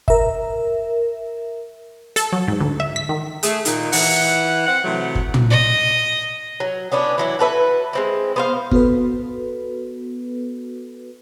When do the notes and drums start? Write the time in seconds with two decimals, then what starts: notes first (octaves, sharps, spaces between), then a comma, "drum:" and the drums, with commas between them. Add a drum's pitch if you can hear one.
0.08 A#4 E5, drum: kick
2.16 A4, drum: hi-hat
2.32 F#3
2.48 G#2
2.60 D2
2.80 E5
2.96 B6
3.09 D#3
3.43 A3 G#4, drum: hi-hat
3.65 A#2 D#3, drum: hi-hat
3.92 E3 F#5, drum: open hi-hat
4.67 C4 F#5
4.84 C3 E3 F#3 A3
5.15 drum: kick
5.34 drum: tom
5.51 D#5
6.60 F#3
6.92 B3 C#4 D4 E4
7.18 E3 F#3 E4
7.39 F#4 A4 B4 E5
7.93 G#3 C4 E4
8.36 B3 C5 F5
8.71 B3 F#4 A4 B4, drum: kick